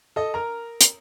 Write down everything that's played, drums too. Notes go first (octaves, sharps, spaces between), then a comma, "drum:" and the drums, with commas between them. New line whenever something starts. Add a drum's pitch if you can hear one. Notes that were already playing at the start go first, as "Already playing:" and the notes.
A4 D#5
A#4 A#5
drum: hi-hat